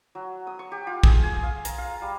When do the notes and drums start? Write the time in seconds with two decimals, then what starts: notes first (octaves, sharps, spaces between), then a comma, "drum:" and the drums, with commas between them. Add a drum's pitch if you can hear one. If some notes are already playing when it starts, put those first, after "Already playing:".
0.15 F#3
0.47 D#6
0.59 C#6
0.72 G4
0.87 F4
1.03 G#4, drum: kick A#1
1.23 G#5
1.43 F5
1.65 A#5, drum: hi-hat
1.78 F5
2.02 G3